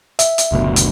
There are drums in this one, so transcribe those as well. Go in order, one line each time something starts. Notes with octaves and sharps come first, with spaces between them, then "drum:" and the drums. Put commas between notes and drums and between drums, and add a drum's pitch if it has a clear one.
E5, drum: hi-hat
drum: hi-hat
F#1 D2 B2
drum: hi-hat